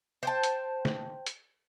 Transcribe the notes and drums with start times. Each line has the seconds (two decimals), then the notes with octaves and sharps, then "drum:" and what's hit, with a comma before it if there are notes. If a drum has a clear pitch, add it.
0.23 C5 G5 A5
0.43 drum: hi-hat
0.85 drum: snare
1.26 drum: hi-hat